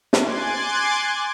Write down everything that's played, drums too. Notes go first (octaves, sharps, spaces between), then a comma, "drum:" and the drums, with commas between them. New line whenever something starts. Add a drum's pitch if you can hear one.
G#5 C6 D6 F#6 G#6 A6, drum: snare